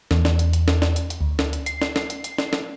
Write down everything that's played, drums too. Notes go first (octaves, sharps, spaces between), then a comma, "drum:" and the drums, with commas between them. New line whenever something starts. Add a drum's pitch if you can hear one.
E2, drum: snare
drum: snare
drum: hi-hat
drum: hi-hat
drum: snare
drum: snare
drum: hi-hat
drum: hi-hat
D2
drum: snare
drum: hi-hat
C7, drum: hi-hat
drum: snare
drum: snare
drum: hi-hat
drum: hi-hat
drum: snare
drum: snare